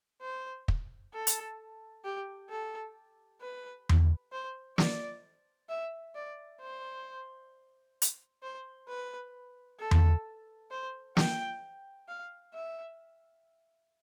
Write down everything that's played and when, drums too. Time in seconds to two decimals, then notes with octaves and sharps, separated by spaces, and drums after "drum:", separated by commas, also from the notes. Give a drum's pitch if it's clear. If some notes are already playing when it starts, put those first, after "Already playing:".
0.22 C5
0.68 drum: kick
1.14 A4
1.27 drum: hi-hat
2.04 G4
2.50 A4
3.41 B4
3.89 drum: tom E2
4.32 C5
4.78 D5, drum: snare
5.69 E5
6.15 D5
6.61 C5
8.02 drum: hi-hat
8.43 C5
8.88 B4
9.80 A4
9.91 drum: tom E2
10.71 C5
11.17 G5, drum: snare
12.08 F5
12.54 E5